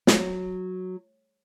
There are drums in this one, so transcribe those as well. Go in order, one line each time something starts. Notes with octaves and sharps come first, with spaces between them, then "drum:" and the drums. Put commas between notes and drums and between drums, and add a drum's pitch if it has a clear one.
F#3, drum: snare